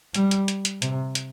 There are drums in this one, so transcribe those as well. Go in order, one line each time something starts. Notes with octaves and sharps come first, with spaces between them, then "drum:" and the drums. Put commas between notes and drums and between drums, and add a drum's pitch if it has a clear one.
G3, drum: hi-hat
drum: hi-hat
drum: hi-hat
drum: hi-hat
C3, drum: hi-hat
drum: hi-hat